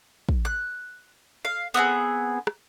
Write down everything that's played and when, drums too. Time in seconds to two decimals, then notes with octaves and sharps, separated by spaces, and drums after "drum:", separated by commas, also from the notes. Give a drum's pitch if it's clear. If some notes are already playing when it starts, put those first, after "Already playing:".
0.29 drum: kick
0.45 F#6
1.45 F5
1.74 B3 C4 E4 G#4
2.47 drum: rim click